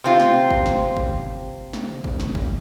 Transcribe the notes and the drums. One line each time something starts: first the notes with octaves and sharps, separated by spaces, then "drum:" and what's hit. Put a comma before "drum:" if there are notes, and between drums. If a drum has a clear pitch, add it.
C3 C4 F4
drum: snare
drum: kick
drum: snare
drum: kick
drum: snare
drum: tom
drum: kick
drum: snare
drum: kick